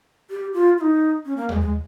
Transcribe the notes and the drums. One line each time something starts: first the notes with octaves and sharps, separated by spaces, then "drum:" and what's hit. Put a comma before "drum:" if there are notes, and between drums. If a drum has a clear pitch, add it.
G4
F4
F4
D#4
C#4
A#3
G#3, drum: tom D#2
G#3